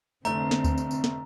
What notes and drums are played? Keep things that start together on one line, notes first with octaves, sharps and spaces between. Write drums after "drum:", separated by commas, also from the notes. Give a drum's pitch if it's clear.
F1 D3 A3 C4 A#5, drum: tambourine
drum: snare
drum: kick D2, tambourine
drum: tambourine
drum: tambourine
drum: snare